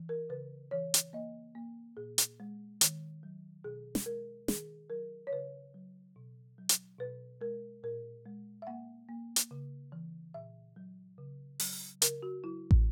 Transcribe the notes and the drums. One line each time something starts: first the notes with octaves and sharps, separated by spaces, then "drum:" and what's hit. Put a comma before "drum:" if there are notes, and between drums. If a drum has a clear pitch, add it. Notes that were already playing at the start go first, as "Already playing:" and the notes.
Already playing: E3
A#4
C#3 B4
E3 C#5
drum: hi-hat
A#3 D#5
A#3
A#2 G#4
drum: hi-hat
G#3
D#3, drum: hi-hat
F#3
B2 G#4
drum: snare
G#3 A#4
D#3 G#4, drum: snare
F#3 A#4
C#5
C#3 B4
F#3
B2
F#3
drum: hi-hat
B2 B4
G#3 A#4
A#2 A#4
G#3
E5
A#3 F#5
A#3
drum: hi-hat
C#3
E3
A#2 E5
F#3
C#3
F#3, drum: open hi-hat
C#3 A#4, drum: hi-hat
F#4
F#3 E4
drum: kick